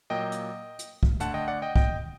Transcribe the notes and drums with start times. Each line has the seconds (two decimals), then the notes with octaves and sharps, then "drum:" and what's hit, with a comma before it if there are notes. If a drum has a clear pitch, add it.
0.10 A#2 F#3 A#3 D#5 G5
0.32 drum: hi-hat
0.79 drum: hi-hat
1.03 drum: kick
1.20 D3 A3 F#5 A5, drum: hi-hat
1.34 D#5 G5
1.48 D5 F#5
1.62 D#5 G5
1.76 D#5 G5, drum: kick